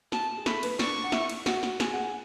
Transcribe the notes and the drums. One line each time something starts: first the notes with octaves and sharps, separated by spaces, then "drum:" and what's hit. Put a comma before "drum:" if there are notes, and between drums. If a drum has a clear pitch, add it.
F#4 A5, drum: snare
G#4
A3 A4 B5, drum: snare
B3 B4, drum: cymbal
D4 D5 C#6, drum: snare
F#5
E4 E5, drum: snare
drum: cymbal
F#4 F#5, drum: snare
drum: snare
G#4 G#5, drum: snare
F#5
G#5